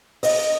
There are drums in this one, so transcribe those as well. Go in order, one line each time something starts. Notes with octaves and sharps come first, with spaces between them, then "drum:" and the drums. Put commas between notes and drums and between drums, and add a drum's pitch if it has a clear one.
D#5, drum: open hi-hat